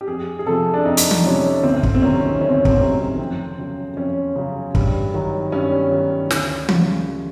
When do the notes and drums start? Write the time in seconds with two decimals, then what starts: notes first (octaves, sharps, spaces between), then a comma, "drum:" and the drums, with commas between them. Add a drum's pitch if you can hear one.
0.01 G4
0.07 F2 G#4
0.39 G#4
0.46 C3 F3 A4
0.74 D4
0.85 F2 D#4
0.97 drum: hi-hat
1.11 drum: tom E3
1.24 C3 F3 C#4
1.63 D2 C4
1.83 drum: kick
1.95 C4
2.02 C3 D#3 F#3 C#4
2.41 D2 C#4
2.49 C4
2.65 C4, drum: kick
2.80 C3 D#3 F#3
3.19 F2
3.58 C#3 F#3
3.97 F2 C#4
4.36 C#3 F#3
4.75 G2, drum: kick
5.13 D#3 F#3
5.52 G2 C#4
5.92 D#3 F#3
6.31 D2, drum: snare
6.69 C#3 F3, drum: tom E3